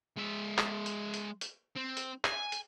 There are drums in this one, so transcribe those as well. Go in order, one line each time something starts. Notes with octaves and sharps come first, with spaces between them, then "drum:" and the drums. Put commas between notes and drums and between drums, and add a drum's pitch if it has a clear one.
G#3 E5
drum: clap
drum: hi-hat
drum: hi-hat
drum: hi-hat
C4
drum: hi-hat
G#5, drum: clap
drum: hi-hat